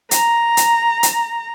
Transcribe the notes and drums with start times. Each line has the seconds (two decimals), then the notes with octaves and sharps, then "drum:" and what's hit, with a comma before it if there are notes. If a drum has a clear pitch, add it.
0.11 A#5, drum: hi-hat
0.57 drum: hi-hat
1.03 drum: hi-hat